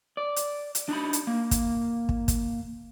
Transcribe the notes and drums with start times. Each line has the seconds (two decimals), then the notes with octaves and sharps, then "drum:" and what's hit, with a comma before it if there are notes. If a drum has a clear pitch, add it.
0.17 D5
0.36 drum: hi-hat
0.75 drum: hi-hat
0.89 D4 D#4 A#5 B5
1.13 drum: hi-hat
1.27 A#3
1.51 drum: kick, hi-hat
2.09 drum: kick
2.28 drum: kick, hi-hat